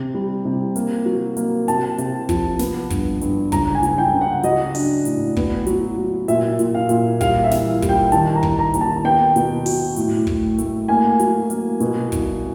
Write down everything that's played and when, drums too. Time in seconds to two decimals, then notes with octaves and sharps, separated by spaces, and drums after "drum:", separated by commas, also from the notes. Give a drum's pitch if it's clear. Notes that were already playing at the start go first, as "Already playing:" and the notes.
Already playing: C3
0.14 G3
0.45 C3
0.76 A#3, drum: hi-hat
1.06 F#3
1.37 A#3, drum: hi-hat
1.68 C3 A5, drum: hi-hat
1.98 C3, drum: hi-hat
2.29 F3, drum: kick, hi-hat
2.59 B3, drum: snare
2.90 G2, drum: kick, hi-hat
3.21 G2, drum: hi-hat
3.52 C#2 A#5, drum: kick, hi-hat
3.75 G#5
3.83 C#2, drum: hi-hat
3.98 G5
4.14 C#3
4.21 F#5
4.43 F#3 D#5, drum: hi-hat
4.75 D4, drum: open hi-hat
5.05 A2, drum: hi-hat
5.37 B3, drum: kick
5.67 F#3, drum: hi-hat
5.98 F#3
6.28 A#2 E5, drum: hi-hat
6.59 A#2, drum: hi-hat
6.75 F5
6.89 A#2, drum: hi-hat
7.21 G3 F5, drum: kick, hi-hat
7.44 E5
7.51 E3, drum: snare
7.82 G3, drum: kick, hi-hat
7.89 G5
8.12 D#3 A5, drum: hi-hat
8.35 A#5
8.43 D#3, drum: kick
8.59 A#5
8.74 D#2, drum: hi-hat
8.81 A5
9.04 B3 G5
9.36 B2, drum: hi-hat
9.66 F#3, drum: open hi-hat
9.96 A2, drum: hi-hat
10.27 A3, drum: kick
10.58 A3, drum: hi-hat
10.88 A#3 G#5
11.19 F#3, drum: hi-hat
11.50 A#3, drum: hi-hat
11.80 B2, drum: hi-hat
12.12 C2, drum: kick, hi-hat